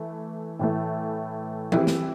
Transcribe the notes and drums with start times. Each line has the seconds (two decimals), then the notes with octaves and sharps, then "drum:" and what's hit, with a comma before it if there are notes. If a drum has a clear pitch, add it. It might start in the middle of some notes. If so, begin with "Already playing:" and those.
Already playing: E3 A3
0.59 A2 E3 A3
1.72 E3 G3 C4 E4, drum: tom E3
1.87 drum: snare